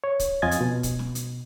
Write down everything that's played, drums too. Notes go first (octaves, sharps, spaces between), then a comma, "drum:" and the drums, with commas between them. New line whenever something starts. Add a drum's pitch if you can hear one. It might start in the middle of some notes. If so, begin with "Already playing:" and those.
C#5
drum: kick, hi-hat
F2 F4 D#5 G#5 G#6 A6
drum: hi-hat
B2
drum: kick, hi-hat
drum: snare
drum: hi-hat